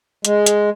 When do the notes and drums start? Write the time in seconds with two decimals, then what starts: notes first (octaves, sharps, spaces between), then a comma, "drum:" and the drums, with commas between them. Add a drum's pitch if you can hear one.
0.25 G#3, drum: hi-hat
0.46 drum: hi-hat